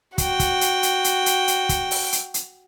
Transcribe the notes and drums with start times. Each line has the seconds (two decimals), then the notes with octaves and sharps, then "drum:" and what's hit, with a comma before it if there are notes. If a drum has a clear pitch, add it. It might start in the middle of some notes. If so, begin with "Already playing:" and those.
0.18 F#4 G5, drum: kick, hi-hat
0.40 drum: kick, hi-hat
0.61 drum: hi-hat
0.83 drum: hi-hat
1.04 drum: hi-hat
1.26 drum: hi-hat
1.48 drum: hi-hat
1.69 drum: kick, hi-hat
1.91 drum: open hi-hat
2.12 drum: hi-hat
2.34 drum: hi-hat